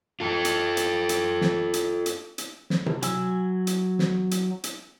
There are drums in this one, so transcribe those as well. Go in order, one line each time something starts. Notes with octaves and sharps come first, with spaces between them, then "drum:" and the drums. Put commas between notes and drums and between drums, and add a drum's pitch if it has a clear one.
F4 A4
drum: hi-hat
drum: hi-hat
drum: hi-hat
drum: snare
drum: hi-hat
drum: hi-hat
drum: hi-hat
drum: snare
drum: tom C3
F#3 G#5 E6, drum: hi-hat
drum: hi-hat
drum: snare
drum: hi-hat
drum: hi-hat